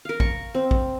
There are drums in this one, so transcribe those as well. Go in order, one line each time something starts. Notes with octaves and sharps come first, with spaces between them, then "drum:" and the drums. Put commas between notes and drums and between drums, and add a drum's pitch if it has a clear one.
A#4 F5
C#6, drum: kick A1
C4
drum: kick A1